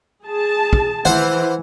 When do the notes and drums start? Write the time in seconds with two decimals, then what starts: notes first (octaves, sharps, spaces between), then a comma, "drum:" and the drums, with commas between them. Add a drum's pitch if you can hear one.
0.24 G#4 A5
0.73 drum: kick
1.05 E3 C5 F#5, drum: tom D#3